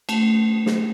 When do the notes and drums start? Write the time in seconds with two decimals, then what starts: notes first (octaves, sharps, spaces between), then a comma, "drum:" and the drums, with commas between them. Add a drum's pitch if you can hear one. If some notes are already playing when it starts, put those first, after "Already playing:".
0.09 A3, drum: cymbal
0.66 drum: snare